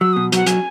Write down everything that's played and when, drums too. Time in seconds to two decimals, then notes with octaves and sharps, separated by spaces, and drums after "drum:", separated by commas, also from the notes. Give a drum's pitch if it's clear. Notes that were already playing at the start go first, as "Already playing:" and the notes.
0.01 F#3 E6
0.13 B2 D#6
0.32 F#3 F#5, drum: hi-hat
0.46 F#3 G#5, drum: hi-hat